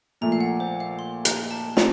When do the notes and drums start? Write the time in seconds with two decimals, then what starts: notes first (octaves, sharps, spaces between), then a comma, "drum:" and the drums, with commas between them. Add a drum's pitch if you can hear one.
0.21 A#2 F3 A3 A#5
0.32 F5
0.40 F#5
0.60 C5
0.80 F5
0.99 C6
1.25 A#5, drum: hi-hat
1.51 A5
1.77 A#5, drum: snare